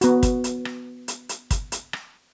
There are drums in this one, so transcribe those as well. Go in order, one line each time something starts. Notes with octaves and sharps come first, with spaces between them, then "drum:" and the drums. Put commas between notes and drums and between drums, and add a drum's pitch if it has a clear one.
B3 F#4, drum: hi-hat
drum: kick, hi-hat
drum: hi-hat
drum: rim click
drum: hi-hat
drum: hi-hat
drum: kick, hi-hat
drum: hi-hat
drum: rim click